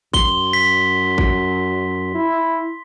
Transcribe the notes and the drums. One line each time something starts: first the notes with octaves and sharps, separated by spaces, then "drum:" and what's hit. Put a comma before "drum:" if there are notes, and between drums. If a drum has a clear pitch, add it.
F#2 C6 G7, drum: kick A1
B6
drum: kick A1
E4